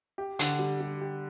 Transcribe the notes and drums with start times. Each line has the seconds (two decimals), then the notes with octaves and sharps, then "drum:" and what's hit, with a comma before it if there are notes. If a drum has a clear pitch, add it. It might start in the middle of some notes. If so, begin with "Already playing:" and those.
0.18 G4
0.39 D3, drum: hi-hat
0.59 G3
0.80 G3
1.01 G4